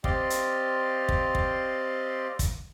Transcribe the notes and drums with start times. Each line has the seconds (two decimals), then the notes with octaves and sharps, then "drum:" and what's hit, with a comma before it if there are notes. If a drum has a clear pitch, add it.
0.04 C4 G4 D5 D#5 F5 C6, drum: kick
0.30 drum: hi-hat
1.09 drum: kick
1.35 drum: kick
2.39 drum: kick, hi-hat